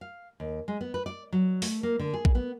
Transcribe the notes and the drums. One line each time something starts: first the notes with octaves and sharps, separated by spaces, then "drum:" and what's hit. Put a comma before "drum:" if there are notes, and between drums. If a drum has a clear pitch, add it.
F5
D#2
G#3
B3
B4
D5
F#3
A3, drum: open hi-hat
A#3
D3
G#4
drum: kick A#1
B3